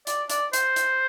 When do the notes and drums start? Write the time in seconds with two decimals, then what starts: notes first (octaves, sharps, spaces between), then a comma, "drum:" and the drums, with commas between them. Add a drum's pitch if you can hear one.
0.07 D5, drum: hi-hat
0.30 D5, drum: hi-hat
0.53 C5, drum: hi-hat
0.76 drum: hi-hat